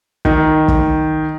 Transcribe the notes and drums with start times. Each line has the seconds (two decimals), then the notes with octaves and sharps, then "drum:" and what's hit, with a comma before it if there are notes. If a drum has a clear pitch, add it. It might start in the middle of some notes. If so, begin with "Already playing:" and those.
0.25 D#3, drum: kick
0.68 drum: kick